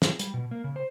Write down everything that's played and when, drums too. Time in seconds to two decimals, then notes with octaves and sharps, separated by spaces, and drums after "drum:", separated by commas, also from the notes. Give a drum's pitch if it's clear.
0.02 G#4, drum: snare
0.19 G3, drum: hi-hat
0.34 B2
0.51 A#3
0.64 C#3
0.76 C5